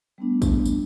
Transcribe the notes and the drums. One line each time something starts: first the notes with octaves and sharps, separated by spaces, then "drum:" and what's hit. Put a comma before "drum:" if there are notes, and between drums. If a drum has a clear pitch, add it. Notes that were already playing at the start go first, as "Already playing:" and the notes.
G3 A3 B3 D4
drum: kick, tambourine
drum: tambourine